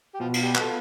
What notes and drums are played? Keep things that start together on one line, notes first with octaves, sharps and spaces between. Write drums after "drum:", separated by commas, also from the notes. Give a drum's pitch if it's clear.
G4
B2 F3 F4
F4, drum: cymbal
G3 G4
B3 F4 A4, drum: clap